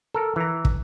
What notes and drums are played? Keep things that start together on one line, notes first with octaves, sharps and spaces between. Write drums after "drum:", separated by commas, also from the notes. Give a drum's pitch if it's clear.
A4 A#4
E3 A#5
drum: kick